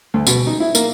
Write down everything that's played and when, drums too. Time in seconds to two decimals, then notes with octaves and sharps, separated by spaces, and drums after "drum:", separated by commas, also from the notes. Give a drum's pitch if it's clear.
0.14 D2
0.27 B2, drum: tambourine
0.47 D#4
0.60 E4
0.75 A#3, drum: tambourine